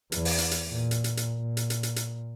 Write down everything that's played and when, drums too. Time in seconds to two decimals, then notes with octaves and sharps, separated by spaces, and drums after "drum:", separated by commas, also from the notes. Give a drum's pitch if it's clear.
0.12 E2, drum: hi-hat
0.25 drum: open hi-hat
0.38 drum: hi-hat
0.51 drum: hi-hat
0.68 A#2
0.91 drum: hi-hat
1.04 drum: hi-hat
1.17 drum: hi-hat
1.37 A#2
1.57 drum: hi-hat
1.70 drum: hi-hat
1.83 drum: hi-hat
1.96 drum: hi-hat